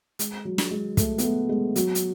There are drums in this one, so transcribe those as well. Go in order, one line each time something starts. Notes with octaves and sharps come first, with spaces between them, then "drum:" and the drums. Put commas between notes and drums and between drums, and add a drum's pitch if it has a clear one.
G#3, drum: hi-hat
F#3
drum: snare
G#3
A3, drum: kick, hi-hat
B3, drum: hi-hat
A3
G#3
F#3, drum: hi-hat
drum: hi-hat